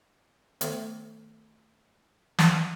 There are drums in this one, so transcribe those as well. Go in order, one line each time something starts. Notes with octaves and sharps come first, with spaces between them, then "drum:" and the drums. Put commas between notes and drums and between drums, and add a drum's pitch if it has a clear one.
D#3 A3 B3 A4 C#5 E5, drum: hi-hat
drum: snare